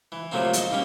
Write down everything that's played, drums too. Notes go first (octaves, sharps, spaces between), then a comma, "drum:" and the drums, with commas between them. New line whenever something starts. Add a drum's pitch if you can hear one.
E3
C3 F3 F#3 A3 A#3 C4
F#4 A4 C5 D#5, drum: hi-hat
D#3 G3 A#3 C#4 G4